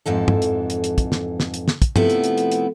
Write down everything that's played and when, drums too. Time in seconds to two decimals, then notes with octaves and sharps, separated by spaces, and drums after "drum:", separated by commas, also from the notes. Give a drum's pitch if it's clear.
0.06 F2 G#2 E3 A4
0.28 drum: tom G2
0.42 drum: hi-hat
0.70 drum: hi-hat
0.84 drum: hi-hat
0.98 drum: kick, hi-hat
1.12 drum: snare
1.40 drum: snare
1.54 drum: hi-hat
1.68 drum: snare
1.82 drum: kick, hi-hat
1.96 C3 F3 A3 B3 E4, drum: tom G2
2.10 drum: hi-hat
2.24 drum: hi-hat
2.38 drum: hi-hat
2.52 drum: hi-hat